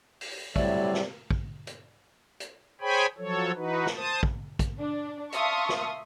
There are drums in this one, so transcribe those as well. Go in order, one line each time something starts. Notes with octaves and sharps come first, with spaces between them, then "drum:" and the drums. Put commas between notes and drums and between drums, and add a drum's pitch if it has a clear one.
drum: open hi-hat
A2 C3 F#3 G3 D5 E5, drum: kick
drum: snare
drum: kick
drum: hi-hat
drum: hi-hat
G#4 C5 C#5 G5 G#5 B5
F3 F#3 A4 C#5
E3 D#4 F#4 B4
drum: snare
C5 A5 D#6
drum: kick
drum: kick, hi-hat
D4
E5 F5 A5 C6 C#6 D#6, drum: hi-hat
drum: snare